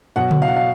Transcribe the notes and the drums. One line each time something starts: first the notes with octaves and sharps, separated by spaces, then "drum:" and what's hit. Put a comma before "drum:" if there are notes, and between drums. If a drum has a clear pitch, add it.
B2 F#3 F#5
drum: tom C#3
F5
F#5
F5